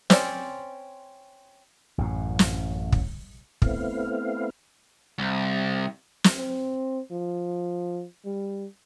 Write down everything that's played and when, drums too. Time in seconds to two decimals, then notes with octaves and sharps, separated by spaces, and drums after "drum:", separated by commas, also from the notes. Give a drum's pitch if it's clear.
0.10 C4 C#4 C5 D5, drum: snare
1.98 A1 F#2 A2
2.39 drum: snare
2.92 drum: kick
3.62 A3 B3 C4 E4 F5, drum: kick
5.18 C2
6.24 drum: snare
6.36 C4
7.11 F3
8.25 G3